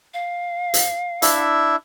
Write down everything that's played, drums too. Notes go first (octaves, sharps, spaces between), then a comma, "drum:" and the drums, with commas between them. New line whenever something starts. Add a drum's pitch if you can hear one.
F5
drum: hi-hat
D4 E4 E5, drum: hi-hat